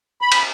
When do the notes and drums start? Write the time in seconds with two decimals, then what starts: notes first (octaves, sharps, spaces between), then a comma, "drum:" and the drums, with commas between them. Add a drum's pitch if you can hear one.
0.21 B5
0.32 drum: cymbal